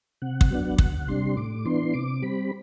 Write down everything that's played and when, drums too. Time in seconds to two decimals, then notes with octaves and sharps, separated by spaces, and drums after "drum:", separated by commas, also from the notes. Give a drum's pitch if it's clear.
0.22 C3 F#5
0.41 drum: kick
0.51 F#3 B3 D4
0.78 D2 F#5, drum: kick
1.07 C3 G3 D4 C6
1.37 A2 D6
1.65 E3 B3 D4 C6
1.94 C3 D6
2.22 G3 C4 B5